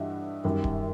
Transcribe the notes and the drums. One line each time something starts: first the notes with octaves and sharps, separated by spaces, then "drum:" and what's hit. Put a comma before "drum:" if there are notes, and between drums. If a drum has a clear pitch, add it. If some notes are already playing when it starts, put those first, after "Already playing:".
Already playing: G2 E3 G3 D#5 E5 F#5
F#2 D#3 G3
drum: kick D1